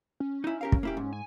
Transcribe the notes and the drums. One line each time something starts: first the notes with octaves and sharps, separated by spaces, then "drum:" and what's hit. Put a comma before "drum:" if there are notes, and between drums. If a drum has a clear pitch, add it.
C#4
D#4 E4
G4 A#4 F5
drum: kick
A#3 E4 G4
G#2
G#5